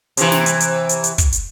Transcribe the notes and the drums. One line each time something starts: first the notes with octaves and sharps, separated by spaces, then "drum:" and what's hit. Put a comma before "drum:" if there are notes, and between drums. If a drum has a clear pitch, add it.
C3 E3, drum: hi-hat
drum: snare
drum: hi-hat
drum: hi-hat
drum: hi-hat
drum: hi-hat
drum: kick, hi-hat
drum: hi-hat